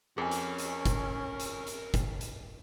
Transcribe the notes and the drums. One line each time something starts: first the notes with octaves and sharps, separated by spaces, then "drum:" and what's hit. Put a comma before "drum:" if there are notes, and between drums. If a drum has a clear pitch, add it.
F2 C#4 G#4 A#4 C#5 G#5
drum: hi-hat
drum: hi-hat
drum: kick, hi-hat
drum: hi-hat
drum: hi-hat
drum: kick, hi-hat
drum: hi-hat